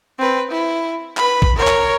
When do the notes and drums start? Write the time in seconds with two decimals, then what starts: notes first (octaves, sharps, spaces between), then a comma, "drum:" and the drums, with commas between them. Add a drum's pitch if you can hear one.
0.18 C4 B4
0.51 E4
1.17 B4 B5, drum: clap
1.42 drum: kick A#1
1.56 A#4 C#5
1.67 drum: clap